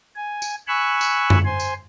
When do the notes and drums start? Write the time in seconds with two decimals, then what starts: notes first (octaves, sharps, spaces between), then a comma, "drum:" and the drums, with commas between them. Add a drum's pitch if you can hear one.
0.16 G#5
0.42 drum: tambourine
0.68 G#5 B5 C#6 E6 F#6
1.01 drum: tambourine
1.30 drum: tom F#2
1.45 C5 G#5 C6
1.60 drum: tambourine